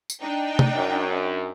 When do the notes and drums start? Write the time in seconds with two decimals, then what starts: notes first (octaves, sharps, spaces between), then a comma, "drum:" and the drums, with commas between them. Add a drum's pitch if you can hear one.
0.10 drum: tambourine
0.21 D4 D#4 G5
0.59 drum: tom
0.74 F#2